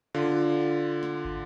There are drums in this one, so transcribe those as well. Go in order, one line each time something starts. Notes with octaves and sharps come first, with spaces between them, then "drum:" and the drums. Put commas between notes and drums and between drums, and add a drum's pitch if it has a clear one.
D3 F4
drum: snare
drum: kick